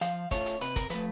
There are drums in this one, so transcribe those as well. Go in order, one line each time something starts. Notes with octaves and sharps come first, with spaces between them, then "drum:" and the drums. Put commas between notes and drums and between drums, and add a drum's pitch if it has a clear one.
F3 F5, drum: hi-hat
A3 C#4 F4 C#5, drum: kick, hi-hat
drum: hi-hat
C3 B4, drum: hi-hat
A#4, drum: kick, hi-hat
F3 A3 B4, drum: hi-hat